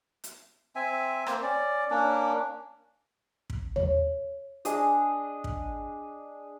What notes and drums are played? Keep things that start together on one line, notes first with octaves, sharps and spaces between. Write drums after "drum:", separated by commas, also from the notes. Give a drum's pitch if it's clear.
drum: hi-hat
C4 E5 G#5
A#3 C4 C5, drum: rim click
C#4 D5
A#3 C#4 D4
drum: kick
C#5, drum: tom D#2
D4 G#4 D#5, drum: hi-hat
drum: kick